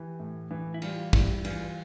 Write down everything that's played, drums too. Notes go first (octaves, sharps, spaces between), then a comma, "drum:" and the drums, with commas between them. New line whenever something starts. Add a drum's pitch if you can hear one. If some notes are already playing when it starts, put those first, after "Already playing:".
Already playing: E3 G4
A2
E3
E4
G3 F4, drum: cymbal
G3 E4, drum: kick, cymbal
E3 F4, drum: cymbal